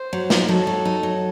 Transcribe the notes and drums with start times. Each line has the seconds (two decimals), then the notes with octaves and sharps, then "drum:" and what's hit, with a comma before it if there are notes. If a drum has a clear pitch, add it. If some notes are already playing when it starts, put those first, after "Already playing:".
Already playing: C5
0.13 F#3
0.30 D#4, drum: snare
0.48 F#3 A4
0.67 F#3
0.85 D#4
1.03 F#3